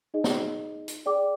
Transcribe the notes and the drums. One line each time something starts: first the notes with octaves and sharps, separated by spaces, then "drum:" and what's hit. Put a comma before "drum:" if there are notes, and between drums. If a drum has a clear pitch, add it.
D#4 G#4 D#5
drum: snare
drum: hi-hat
G#4 D5 G5 D6